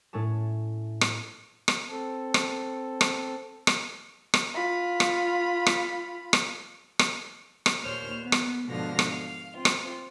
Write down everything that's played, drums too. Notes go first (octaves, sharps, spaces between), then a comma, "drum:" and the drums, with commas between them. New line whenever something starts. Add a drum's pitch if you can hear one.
A2 A3 C#4 C#5 A5
drum: rim click
drum: rim click
C4 A4
drum: rim click
drum: rim click
drum: rim click
drum: rim click
F4 B5
drum: rim click
drum: rim click
drum: rim click
drum: rim click
drum: rim click
D#2 A#2 C5 C#5 F6
B3
drum: rim click
G#2 B2 D3 F3 F5 A#6
drum: rim click
F5
C4 F4
drum: rim click